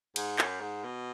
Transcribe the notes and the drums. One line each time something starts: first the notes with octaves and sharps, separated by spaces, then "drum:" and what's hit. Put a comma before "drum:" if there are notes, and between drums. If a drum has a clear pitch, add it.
G#2, drum: cymbal
F#2, drum: clap
G#2
B2